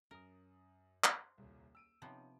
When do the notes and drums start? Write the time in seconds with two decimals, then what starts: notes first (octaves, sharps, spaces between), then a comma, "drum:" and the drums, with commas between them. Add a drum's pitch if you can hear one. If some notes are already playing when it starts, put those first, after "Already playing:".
0.11 F#2 A#4 D#6
1.04 C5, drum: clap
1.38 D#1 C2
1.75 E6 D7 D#7
2.02 C3 F3 B3 C#4 D#4